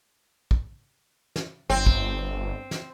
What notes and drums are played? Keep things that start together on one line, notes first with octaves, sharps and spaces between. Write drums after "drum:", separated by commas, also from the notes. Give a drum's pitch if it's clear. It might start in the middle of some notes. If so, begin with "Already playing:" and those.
drum: kick
drum: snare
G1 C4
drum: kick
drum: snare